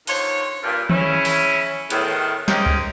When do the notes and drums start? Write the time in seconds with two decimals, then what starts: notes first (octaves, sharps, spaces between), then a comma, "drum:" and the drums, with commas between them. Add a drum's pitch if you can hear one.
0.07 D3 D#3 F4 C5 C#5, drum: open hi-hat
0.63 G2 A#2
0.89 C#3 C#4 E4, drum: tom D#3
1.25 drum: open hi-hat
1.90 E2 A2 D#3, drum: hi-hat
2.48 G#3 A#3 C4 C#4 D#4 G4, drum: snare
2.66 drum: kick C#2